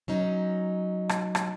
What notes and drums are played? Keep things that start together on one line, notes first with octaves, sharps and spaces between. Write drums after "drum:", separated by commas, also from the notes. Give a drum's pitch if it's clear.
F#3 C#4 D#4
drum: rim click
drum: rim click